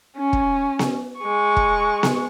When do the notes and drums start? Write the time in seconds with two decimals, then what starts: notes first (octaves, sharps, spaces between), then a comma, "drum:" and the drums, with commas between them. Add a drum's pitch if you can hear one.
0.17 C#4
0.33 drum: kick
0.79 drum: snare B3
1.19 G#3 C#6
1.57 drum: kick
2.03 drum: snare B3